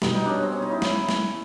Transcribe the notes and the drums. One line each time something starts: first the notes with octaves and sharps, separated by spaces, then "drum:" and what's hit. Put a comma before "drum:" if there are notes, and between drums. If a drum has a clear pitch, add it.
B2 G3 B3 D#4, drum: snare
D#4
C#4 D4
C4
C#4
D#4
E4
drum: snare
drum: snare